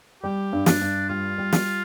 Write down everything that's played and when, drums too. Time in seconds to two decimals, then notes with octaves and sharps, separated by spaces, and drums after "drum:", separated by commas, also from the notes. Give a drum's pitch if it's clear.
0.23 G3 G4
0.53 G2
0.66 D4, drum: snare
0.81 G2
1.09 G3 F4
1.38 G3
1.53 drum: snare